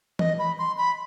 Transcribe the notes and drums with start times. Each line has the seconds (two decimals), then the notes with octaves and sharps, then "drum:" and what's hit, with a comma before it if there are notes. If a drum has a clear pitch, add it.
0.19 D#5, drum: tom E3
0.39 B5
0.59 C6
0.78 B5